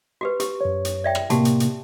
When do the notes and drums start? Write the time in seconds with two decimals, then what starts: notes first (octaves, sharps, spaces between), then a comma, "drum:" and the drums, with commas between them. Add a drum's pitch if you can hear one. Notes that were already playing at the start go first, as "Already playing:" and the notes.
0.21 F#4 G4 B4
0.40 G4, drum: hi-hat
0.61 F#2 C#5
0.85 drum: hi-hat
1.04 D5 E5 G5
1.15 drum: rim click
1.30 A2 C3 A#3 F#4 G4 A5, drum: hi-hat
1.45 drum: hi-hat
1.60 drum: hi-hat